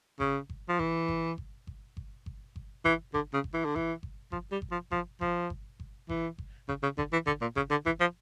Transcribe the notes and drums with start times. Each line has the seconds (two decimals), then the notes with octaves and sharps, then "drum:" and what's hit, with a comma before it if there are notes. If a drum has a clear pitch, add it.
0.20 C#3, drum: kick G1
0.49 drum: kick G1
0.69 F3
0.79 E3, drum: kick G1
1.08 drum: kick G1
1.38 drum: kick G1
1.67 drum: kick G1
1.97 drum: kick G1
2.26 drum: kick G1
2.56 drum: kick G1
2.85 E3, drum: kick G1
3.14 D3, drum: kick G1
3.34 C#3
3.44 drum: kick G1
3.54 E3
3.65 D3
3.76 E3, drum: kick G1
4.03 drum: kick G1
4.32 F3, drum: kick G1
4.52 G3
4.62 drum: kick G1
4.72 F3
4.91 F3, drum: kick G1
5.21 F3, drum: kick G1
5.50 drum: kick G1
5.80 drum: kick G1
6.09 E3, drum: kick G1
6.38 drum: kick G1
6.69 C#3, drum: kick G1
6.83 C#3
6.98 D3, drum: kick G1
7.13 E3
7.27 D3, drum: kick G1
7.42 A#2
7.56 C#3, drum: kick G1
7.71 D3
7.86 E3, drum: kick G1
8.00 F3